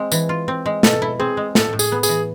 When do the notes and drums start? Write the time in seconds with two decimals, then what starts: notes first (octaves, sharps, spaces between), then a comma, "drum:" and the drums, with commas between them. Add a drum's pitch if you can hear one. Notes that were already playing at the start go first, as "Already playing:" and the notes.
Already playing: G#3 C4
0.12 E3, drum: tambourine
0.29 F4
0.48 C4
0.66 G#3
0.83 B2 A4, drum: snare
1.02 E4
1.20 C4 G#4
1.37 G#3
1.55 A2 A4, drum: snare
1.73 A2
1.79 G#4, drum: tambourine
1.92 B3
2.03 G#4, drum: tambourine
2.09 E3